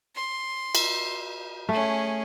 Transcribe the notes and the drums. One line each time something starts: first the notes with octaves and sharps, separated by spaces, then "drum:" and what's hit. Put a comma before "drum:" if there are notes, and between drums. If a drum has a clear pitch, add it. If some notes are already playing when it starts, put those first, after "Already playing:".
C6
drum: cymbal
A3 C#4 G#4